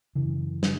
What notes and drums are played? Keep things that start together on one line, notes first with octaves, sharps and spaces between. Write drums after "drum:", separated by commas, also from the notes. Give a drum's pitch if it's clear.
F#2 C#3 E3
drum: snare